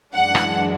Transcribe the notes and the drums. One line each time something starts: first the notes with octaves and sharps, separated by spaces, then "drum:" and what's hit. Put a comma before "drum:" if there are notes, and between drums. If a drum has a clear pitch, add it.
F#2 E3 G#3 D4 F#5
drum: rim click